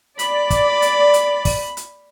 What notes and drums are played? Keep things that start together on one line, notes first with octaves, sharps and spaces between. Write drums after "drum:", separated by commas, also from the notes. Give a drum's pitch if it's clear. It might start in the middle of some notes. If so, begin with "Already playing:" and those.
D5 B5, drum: hi-hat
drum: kick, hi-hat
drum: hi-hat
drum: hi-hat
drum: kick, open hi-hat
drum: hi-hat